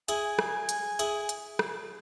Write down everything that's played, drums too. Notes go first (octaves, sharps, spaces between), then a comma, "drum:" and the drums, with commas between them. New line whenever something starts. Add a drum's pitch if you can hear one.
E4 G#4 G#5, drum: hi-hat
drum: rim click
drum: hi-hat
E4 G#4, drum: hi-hat
drum: hi-hat
drum: rim click